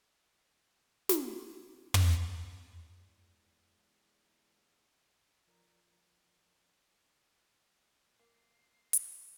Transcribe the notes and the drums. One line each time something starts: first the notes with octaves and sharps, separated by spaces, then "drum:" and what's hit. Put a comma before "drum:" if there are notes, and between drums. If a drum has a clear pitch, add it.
drum: snare
F2 G#2 C3 F3 C5 C#5 D6
drum: tom
E2 G#3
F3 F4 A#4 C#5 D5 A#5
A#3 C7
drum: hi-hat